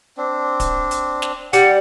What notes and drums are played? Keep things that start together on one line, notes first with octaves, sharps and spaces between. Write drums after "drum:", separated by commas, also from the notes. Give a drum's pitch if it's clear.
C4 D4
drum: kick D1, hi-hat
drum: hi-hat
drum: snare
G3 F#5, drum: hi-hat